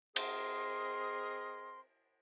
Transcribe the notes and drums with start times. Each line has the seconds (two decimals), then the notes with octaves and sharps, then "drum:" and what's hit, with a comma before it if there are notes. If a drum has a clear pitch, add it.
0.16 C4 G#4 A#4 D#5 C6, drum: cymbal